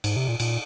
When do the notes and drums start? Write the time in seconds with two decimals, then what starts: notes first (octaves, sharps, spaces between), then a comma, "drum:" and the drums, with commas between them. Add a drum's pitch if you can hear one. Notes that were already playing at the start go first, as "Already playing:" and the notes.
0.04 G#2, drum: cymbal
0.16 C3
0.28 A#2
0.40 A#2, drum: cymbal